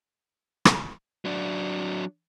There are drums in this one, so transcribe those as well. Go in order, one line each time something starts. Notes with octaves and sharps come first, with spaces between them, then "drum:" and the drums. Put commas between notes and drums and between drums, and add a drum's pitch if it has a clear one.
drum: rim click
F#3 D4